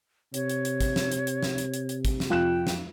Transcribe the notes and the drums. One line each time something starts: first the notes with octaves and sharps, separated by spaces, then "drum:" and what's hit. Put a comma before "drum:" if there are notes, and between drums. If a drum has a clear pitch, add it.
C3 C#5, drum: hi-hat
drum: hi-hat
drum: hi-hat
drum: kick, hi-hat
drum: snare
drum: hi-hat
drum: hi-hat
drum: snare
drum: hi-hat
drum: hi-hat
drum: hi-hat
drum: kick, hi-hat
drum: snare
F2 F4 G5 F#6 E7
drum: snare